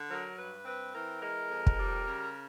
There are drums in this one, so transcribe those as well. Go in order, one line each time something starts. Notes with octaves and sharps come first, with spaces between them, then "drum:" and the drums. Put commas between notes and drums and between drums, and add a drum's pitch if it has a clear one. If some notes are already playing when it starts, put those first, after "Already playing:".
Already playing: D3
F#3 A#4
G2 B4
C4 B4
E3 A#4
G#3 A#4
F2
drum: kick
G3
C#3